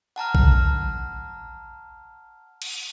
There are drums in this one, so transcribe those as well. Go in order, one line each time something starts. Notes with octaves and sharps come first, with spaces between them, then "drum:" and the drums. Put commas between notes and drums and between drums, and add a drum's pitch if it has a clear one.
F#5 A5 A#5 F6
drum: kick A#1
drum: cymbal